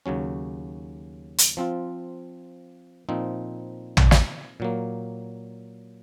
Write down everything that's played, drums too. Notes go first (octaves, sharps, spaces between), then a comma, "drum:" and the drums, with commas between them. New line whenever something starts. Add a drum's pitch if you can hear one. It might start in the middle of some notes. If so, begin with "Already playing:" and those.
D#2 C#3 F#3 C#4
drum: hi-hat
F3 C4 F4
A#2 F3 C4 D#4
drum: tom
drum: snare
A#2 F#3 A#3